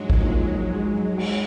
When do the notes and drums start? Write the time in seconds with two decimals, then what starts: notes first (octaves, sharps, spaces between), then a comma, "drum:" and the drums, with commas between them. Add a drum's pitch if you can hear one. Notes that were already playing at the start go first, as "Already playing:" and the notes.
Already playing: G#2 F3 F#3 G#3 D4
0.10 drum: kick
0.22 G#2 F3 A#3 D4 F4
1.18 drum: cymbal